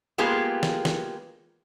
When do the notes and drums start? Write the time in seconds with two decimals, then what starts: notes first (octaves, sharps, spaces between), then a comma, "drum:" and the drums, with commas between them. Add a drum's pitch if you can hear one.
0.18 G#3 A#3 B3 F4 G4 G#4
0.63 drum: snare
0.85 drum: snare